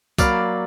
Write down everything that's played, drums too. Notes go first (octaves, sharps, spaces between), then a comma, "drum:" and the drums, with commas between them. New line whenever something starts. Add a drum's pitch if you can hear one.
F#3 A#3 D5 F5 B5, drum: kick, tambourine